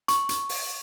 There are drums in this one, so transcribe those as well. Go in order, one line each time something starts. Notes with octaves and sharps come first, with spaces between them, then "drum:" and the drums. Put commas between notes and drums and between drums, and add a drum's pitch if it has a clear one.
C#6, drum: hi-hat
drum: hi-hat
drum: open hi-hat